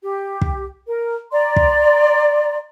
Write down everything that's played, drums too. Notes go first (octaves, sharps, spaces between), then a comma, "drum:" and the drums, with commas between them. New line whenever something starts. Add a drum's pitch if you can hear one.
G4
drum: kick
A#4
D5 A#5 C6
drum: kick